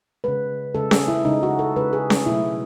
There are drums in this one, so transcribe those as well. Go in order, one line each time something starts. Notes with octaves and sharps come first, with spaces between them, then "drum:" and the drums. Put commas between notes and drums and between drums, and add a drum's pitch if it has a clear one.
C#3 G#3 B4
C#3 G#3 A4
G#4, drum: snare C#4
E4
C#3 G#3 D#4
F#4
A4
C#3 G#3 B4
G#4
G#4, drum: snare C#4
B2 F#3 A3 E4